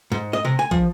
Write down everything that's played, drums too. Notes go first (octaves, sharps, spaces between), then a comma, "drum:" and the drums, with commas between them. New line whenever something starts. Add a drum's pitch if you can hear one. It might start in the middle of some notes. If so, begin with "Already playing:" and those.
G#2
D#5
C3
G#5
F3, drum: kick